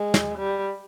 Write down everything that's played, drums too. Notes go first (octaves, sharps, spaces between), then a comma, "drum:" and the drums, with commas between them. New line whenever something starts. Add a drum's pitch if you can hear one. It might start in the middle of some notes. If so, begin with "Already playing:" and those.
Already playing: G#3
drum: snare
G3